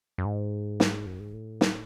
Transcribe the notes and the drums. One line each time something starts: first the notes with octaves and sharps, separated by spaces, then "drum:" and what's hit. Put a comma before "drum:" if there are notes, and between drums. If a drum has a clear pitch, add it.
F#2
G#2
drum: snare
F#2
G#2
A2
drum: snare